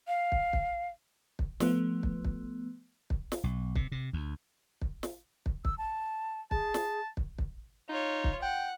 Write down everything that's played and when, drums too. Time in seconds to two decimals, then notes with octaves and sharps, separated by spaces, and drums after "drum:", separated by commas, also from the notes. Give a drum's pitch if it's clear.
0.08 F5
0.32 drum: kick
0.53 drum: kick
1.39 drum: kick
1.60 F3 A3 B3, drum: snare
2.03 drum: kick
2.25 drum: kick
3.10 drum: kick
3.32 drum: snare
3.44 B1
3.76 C3, drum: kick
3.92 C3
4.13 D2
4.82 drum: kick
5.03 drum: snare
5.46 drum: kick
5.65 E6, drum: kick
5.78 A5
6.51 G#4 A5, drum: kick
6.74 drum: snare
7.17 drum: kick
7.38 drum: kick
7.89 D#4 F4 C#5
8.24 drum: kick
8.42 F#5 G5